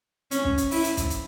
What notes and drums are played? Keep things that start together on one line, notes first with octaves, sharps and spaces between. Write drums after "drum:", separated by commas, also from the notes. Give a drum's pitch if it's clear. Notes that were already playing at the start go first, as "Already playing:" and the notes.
C#4, drum: hi-hat
drum: kick
drum: hi-hat
E4, drum: open hi-hat
drum: hi-hat
drum: kick, hi-hat
drum: hi-hat